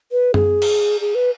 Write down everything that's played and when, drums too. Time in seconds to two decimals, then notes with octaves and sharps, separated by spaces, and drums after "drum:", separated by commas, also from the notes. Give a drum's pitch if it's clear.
0.12 B4
0.34 G#4, drum: tom F#2
0.62 drum: cymbal
1.01 G#4
1.15 B4